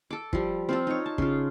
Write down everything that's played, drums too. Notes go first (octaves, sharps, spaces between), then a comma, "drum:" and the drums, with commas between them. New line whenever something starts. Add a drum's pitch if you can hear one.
A4 D6
F3 G3, drum: kick
C4 F4 A4
D#4 C#5
A5
C#3 F4, drum: kick